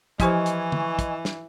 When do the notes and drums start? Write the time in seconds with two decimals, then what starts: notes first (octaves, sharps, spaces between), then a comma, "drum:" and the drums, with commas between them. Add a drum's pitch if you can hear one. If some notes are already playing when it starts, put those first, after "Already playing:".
0.20 E3 F3 E4 G4 C5 D#5 G#5 C#6, drum: kick, hi-hat
0.46 drum: hi-hat
0.72 drum: tom
0.99 drum: kick, hi-hat
1.25 drum: snare